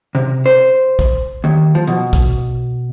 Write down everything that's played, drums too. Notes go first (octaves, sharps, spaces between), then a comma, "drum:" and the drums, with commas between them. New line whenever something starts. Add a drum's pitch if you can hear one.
C3
C5
drum: kick
D#2
F3
B2
drum: kick